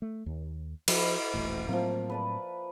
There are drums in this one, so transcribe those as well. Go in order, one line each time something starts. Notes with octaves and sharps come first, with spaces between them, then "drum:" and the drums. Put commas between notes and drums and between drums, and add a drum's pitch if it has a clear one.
A3
D#2
F3 E4, drum: cymbal
D#1 A1 A2
A2 F3 F#3 A#3 C4
B4 D5 A5